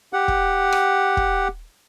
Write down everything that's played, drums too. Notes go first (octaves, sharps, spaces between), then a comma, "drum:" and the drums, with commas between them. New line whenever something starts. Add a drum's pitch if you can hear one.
G4 F#5
drum: kick
drum: rim click
drum: kick